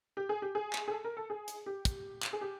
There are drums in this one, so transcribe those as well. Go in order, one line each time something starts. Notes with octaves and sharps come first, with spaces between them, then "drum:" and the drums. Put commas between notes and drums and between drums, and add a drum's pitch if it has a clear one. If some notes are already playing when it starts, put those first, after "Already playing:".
G4
G#4
G4
G#4
drum: clap
G#4
A4
A#4
A4
G#4
drum: hi-hat
G4
drum: kick, hi-hat
drum: clap
G#4
G4